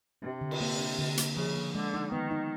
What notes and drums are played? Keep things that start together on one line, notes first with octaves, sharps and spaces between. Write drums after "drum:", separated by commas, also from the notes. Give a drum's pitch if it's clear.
C3 D4
D3
drum: cymbal
A#3
D4
D3
A#3, drum: hi-hat
C#3 F3
A#3
D3 G#3
D#4
D#3 B3
D#4